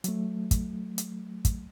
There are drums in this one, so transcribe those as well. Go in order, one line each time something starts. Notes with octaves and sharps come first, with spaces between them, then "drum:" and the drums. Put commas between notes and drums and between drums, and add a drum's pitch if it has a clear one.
F#3 A3, drum: hi-hat
drum: kick, hi-hat
drum: hi-hat
drum: kick, hi-hat